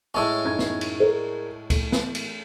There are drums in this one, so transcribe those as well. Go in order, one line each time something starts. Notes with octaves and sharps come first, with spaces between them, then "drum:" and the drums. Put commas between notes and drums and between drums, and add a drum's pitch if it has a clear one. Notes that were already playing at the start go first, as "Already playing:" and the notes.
A2 G#3 C#4 A5 E6
F#2 D#4 G#6
drum: snare
drum: cymbal
G#4 A#4 D5
A3, drum: kick C#2, cymbal
drum: snare
drum: cymbal